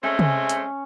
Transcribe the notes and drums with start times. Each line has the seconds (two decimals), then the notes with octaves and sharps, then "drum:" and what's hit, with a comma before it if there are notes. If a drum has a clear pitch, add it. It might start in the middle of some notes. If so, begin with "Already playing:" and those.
0.03 G#3 A3 C4 C#4
0.19 drum: tom
0.49 drum: hi-hat